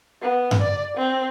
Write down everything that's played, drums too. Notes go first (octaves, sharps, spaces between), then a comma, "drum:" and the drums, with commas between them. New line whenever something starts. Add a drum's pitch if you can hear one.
B3
drum: tom G2
D5
C4